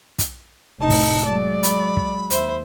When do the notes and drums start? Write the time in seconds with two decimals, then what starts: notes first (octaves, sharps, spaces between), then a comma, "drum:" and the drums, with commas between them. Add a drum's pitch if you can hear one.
0.19 drum: kick, hi-hat
0.81 F1 A2 D#4 A5
0.90 drum: kick, open hi-hat
1.25 F#3 G#3 D5
1.63 B5, drum: hi-hat
1.97 drum: kick
2.30 D#2 C5 E5, drum: hi-hat